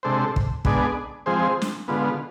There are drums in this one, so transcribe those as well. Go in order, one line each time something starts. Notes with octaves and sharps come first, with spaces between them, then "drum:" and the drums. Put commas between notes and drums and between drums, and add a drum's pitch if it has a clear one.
C3 G#3 D4 A4 C5
drum: kick
G#3 B3 D4 G#4 D5, drum: kick
F3 G#3 C4 G#4 C5
drum: snare
D3 G#3 B3 F4